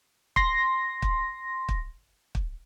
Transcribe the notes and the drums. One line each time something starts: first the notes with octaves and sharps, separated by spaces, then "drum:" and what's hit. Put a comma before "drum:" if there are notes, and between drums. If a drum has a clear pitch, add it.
C6 A#6, drum: kick
drum: kick
drum: kick
drum: kick